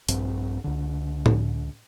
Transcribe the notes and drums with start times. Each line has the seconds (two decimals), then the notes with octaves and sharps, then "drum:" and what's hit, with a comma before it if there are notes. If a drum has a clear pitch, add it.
0.09 A#1 G2 C4, drum: hi-hat
0.64 C#2 D3
1.26 drum: tom A2